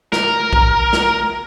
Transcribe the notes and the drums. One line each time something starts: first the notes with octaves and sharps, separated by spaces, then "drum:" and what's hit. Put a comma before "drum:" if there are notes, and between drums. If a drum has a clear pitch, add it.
A#4, drum: snare
drum: kick B1
drum: snare